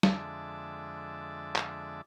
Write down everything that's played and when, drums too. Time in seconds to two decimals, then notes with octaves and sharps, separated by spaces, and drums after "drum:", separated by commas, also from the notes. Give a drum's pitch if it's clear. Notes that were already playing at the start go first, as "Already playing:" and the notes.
0.03 F2 D3 G#3 E5 A5 D6, drum: snare
1.56 drum: clap